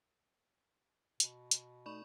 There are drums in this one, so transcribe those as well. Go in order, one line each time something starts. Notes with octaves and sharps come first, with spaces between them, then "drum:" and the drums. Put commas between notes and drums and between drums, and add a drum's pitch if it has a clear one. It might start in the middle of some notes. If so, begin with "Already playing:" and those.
B2, drum: hi-hat
drum: hi-hat
A3 D#4 D5 B5 C#6